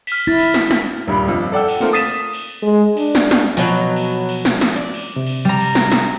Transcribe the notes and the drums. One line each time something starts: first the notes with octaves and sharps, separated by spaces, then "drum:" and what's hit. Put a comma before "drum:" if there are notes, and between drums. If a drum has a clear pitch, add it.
F6 B6, drum: cymbal
E4 A6
drum: cymbal
drum: snare
drum: snare
D#1 G2 B5
G1 F2
A4 D5 F#5 G5 E6
drum: cymbal
A3 A#3 C4 F4 A4 A#4
D#6 A6 B6 D#7 E7
drum: cymbal
G#3
D4, drum: cymbal
drum: snare
drum: snare
B2 F3 F#3
drum: cymbal
drum: cymbal
drum: snare
drum: snare
D5
drum: cymbal
C3
drum: cymbal
G3 A#5
drum: cymbal
drum: snare
drum: snare